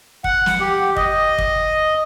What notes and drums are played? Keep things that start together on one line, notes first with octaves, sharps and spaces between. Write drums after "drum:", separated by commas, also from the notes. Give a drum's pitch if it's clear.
F#5, drum: kick
drum: snare
G4
D#5, drum: kick
drum: kick